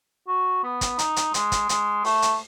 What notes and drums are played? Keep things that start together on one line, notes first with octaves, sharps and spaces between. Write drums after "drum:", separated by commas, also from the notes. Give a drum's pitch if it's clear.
F#4
B3
drum: kick, hi-hat
D#4, drum: hi-hat
drum: hi-hat
G#3, drum: hi-hat
drum: kick, hi-hat
G#3, drum: hi-hat
A3, drum: open hi-hat
drum: hi-hat